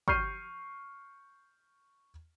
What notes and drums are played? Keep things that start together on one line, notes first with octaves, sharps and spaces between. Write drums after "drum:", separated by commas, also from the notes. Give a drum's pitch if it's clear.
C#6 F6 G6 C7 D#7, drum: kick